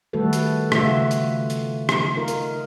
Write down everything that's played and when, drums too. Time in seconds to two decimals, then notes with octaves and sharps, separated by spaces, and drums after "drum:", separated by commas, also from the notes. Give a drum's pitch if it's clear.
0.13 D#3 G3 A3 F#4 A4 B4
0.33 drum: hi-hat
0.72 C#3 A3 F4 F#4 E5, drum: rim click
1.11 drum: hi-hat
1.50 drum: hi-hat
1.89 drum: rim click
2.17 D#4 F4 A#4
2.28 drum: hi-hat